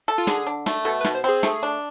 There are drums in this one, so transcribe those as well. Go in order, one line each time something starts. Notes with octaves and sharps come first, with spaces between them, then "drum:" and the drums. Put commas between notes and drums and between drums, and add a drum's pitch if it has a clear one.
A4
F4
D3 G#4, drum: snare
D4
A3, drum: snare
B2 A4
B4
B2, drum: snare
C5
C4 G#4
A3, drum: snare
D4